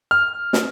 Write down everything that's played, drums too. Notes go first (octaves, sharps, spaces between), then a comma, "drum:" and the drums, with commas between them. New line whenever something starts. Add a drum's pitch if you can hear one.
F6
drum: snare